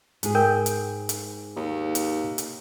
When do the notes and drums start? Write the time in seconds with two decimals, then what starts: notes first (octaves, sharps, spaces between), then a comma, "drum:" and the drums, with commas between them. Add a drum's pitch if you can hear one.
0.23 G#2 G#4, drum: hi-hat
0.35 A#4 G5
0.66 drum: hi-hat
1.09 drum: hi-hat
1.56 D#2
1.95 drum: hi-hat
2.38 drum: hi-hat